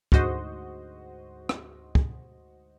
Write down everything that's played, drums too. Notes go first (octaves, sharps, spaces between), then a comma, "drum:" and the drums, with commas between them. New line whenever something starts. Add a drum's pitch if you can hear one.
D2 G#2 F#4 C5 D#5, drum: kick
drum: rim click
drum: kick